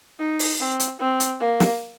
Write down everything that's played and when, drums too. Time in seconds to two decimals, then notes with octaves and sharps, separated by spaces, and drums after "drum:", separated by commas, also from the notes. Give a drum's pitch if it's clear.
0.19 D#4
0.39 drum: open hi-hat
0.60 C4
0.80 drum: hi-hat
0.99 C4
1.20 drum: hi-hat
1.40 A#3
1.60 drum: snare